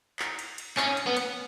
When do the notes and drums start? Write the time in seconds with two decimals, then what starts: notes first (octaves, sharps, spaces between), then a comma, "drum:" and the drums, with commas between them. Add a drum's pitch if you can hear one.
0.19 drum: clap
0.39 drum: cymbal
0.58 drum: cymbal
0.77 C#4, drum: clap
0.97 drum: cymbal
1.06 B3
1.17 drum: cymbal